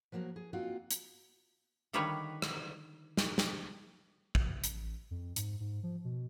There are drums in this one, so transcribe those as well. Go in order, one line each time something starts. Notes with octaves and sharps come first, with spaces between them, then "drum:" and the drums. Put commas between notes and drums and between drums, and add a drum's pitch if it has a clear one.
F3 F#3 A#3 F#4 A#4
G#4
A#3 C4 D#4 F4 F#4
drum: hi-hat
D3 D#3 G3 F4 B4 C#5
drum: rim click
drum: snare
drum: snare
drum: kick
A1, drum: hi-hat
F2
G#2, drum: hi-hat
G#2
F3
B2